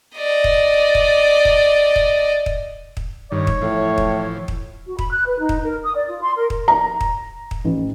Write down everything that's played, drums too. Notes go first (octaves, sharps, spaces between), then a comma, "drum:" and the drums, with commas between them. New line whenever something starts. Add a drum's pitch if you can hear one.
D5 D#5
drum: kick
drum: kick
drum: kick
drum: kick
drum: kick
drum: kick
G2 D#3 C#5
drum: kick
A2 E3 F3
drum: kick
drum: kick
F#4
B5, drum: kick
F#6
B4
D#4
drum: kick
A#4
D#6
D5
F4
C6
A#4
drum: kick
A#5
drum: kick
drum: kick
A1